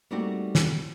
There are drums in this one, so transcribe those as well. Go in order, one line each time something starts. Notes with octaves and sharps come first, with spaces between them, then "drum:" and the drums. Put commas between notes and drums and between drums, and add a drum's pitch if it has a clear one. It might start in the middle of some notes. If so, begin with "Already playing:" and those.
G3 A3 A#3 C4 D#4 F#4
drum: snare